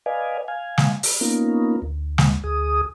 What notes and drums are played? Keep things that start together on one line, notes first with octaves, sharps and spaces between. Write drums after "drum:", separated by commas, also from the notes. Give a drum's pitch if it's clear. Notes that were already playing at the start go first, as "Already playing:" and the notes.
B4 D5 D#5 F5 G#5
F5 G#5
drum: snare
drum: open hi-hat
A#3 B3 C#4 D#4 F4 A#4
D2
drum: snare
D2 G#4 D#6